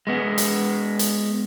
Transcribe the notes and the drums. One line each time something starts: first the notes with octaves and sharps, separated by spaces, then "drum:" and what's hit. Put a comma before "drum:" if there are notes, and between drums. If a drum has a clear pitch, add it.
G#3 B3
drum: hi-hat
drum: hi-hat